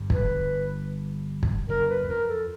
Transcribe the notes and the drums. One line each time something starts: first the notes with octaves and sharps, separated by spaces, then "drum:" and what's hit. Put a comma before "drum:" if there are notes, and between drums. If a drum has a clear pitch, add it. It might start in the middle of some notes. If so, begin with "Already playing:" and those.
Already playing: G1 G2
B4, drum: kick
drum: kick
F#1 F#2 A#4
B4
E2
F2 A#4
A4